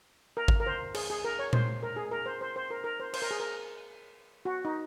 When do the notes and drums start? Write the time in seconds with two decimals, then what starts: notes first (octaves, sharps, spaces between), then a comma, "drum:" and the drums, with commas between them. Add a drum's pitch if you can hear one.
0.37 A#4
0.48 drum: kick G#1
0.60 A#4
0.66 C5
0.95 G#4, drum: cymbal
1.10 G#4
1.24 A#4
1.39 C#5
1.53 C5, drum: tom A#2
1.83 A#4
1.96 G#4
2.11 A#4
2.26 C5
2.41 C5
2.56 C5
2.71 A#4
2.84 A#4
3.00 C5
3.14 C5, drum: cymbal
3.22 A#4
3.31 G#4
3.40 A#4
4.45 F#4
4.65 D#4